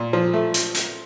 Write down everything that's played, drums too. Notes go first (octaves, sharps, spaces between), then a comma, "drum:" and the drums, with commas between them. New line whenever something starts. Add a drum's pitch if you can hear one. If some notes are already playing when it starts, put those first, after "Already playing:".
Already playing: A#2
F3
A3
drum: hi-hat
drum: hi-hat